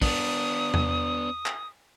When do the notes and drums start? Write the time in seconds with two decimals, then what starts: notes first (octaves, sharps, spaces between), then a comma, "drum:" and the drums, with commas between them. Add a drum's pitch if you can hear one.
0.01 B3 D4 D#6, drum: kick, open hi-hat
0.74 drum: tom E2
1.46 drum: clap